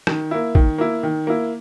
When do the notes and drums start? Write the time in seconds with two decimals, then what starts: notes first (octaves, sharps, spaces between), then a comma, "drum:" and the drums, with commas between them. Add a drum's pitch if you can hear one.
0.07 D#3, drum: rim click
0.31 A#3 E4
0.55 D#3, drum: kick
0.78 A#3 E4
1.03 D#3
1.27 A#3 E4